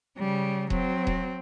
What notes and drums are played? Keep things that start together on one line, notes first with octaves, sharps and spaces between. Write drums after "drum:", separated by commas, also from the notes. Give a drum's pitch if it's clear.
C#3 G3
F#3 C4, drum: kick D#1
drum: kick D#1